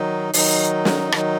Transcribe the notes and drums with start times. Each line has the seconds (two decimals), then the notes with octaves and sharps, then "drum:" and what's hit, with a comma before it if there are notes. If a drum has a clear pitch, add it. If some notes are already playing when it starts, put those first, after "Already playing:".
Already playing: D#3 F#3 D#4
0.33 D#3 F#3 D#4, drum: open hi-hat
0.85 drum: snare
1.12 D#3 F#3 D#4, drum: rim click